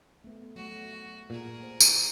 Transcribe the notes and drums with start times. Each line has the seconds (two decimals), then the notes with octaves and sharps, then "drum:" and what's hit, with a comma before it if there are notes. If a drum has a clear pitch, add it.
0.24 A3 B3
0.56 F#3 A3 F#4
0.93 F#5
1.30 A#2 G#4 A#4
1.63 C5
1.80 drum: tambourine